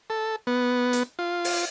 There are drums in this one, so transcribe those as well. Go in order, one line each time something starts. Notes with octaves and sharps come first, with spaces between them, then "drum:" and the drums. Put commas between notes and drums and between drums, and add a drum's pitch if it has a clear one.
A4
B3
drum: hi-hat
F4
drum: open hi-hat